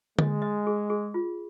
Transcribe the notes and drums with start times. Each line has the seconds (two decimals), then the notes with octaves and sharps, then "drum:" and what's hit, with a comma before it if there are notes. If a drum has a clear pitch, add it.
0.19 G#3 D#5, drum: tom D3
0.42 D#5
0.67 G#4
0.90 G#4
1.14 F4